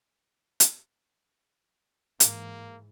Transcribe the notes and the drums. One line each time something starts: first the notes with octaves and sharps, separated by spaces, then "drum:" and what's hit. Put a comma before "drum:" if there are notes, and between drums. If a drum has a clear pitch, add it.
drum: hi-hat
G#2 E3 A#3, drum: hi-hat